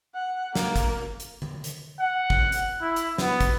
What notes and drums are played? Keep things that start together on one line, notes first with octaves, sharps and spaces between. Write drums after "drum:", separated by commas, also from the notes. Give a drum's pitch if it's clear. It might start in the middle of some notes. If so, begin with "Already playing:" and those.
F#5
A#3, drum: snare
drum: kick, hi-hat
drum: hi-hat
drum: tom D3
drum: hi-hat
F#5
drum: kick
drum: hi-hat
E4
drum: hi-hat
B3, drum: snare
drum: kick, hi-hat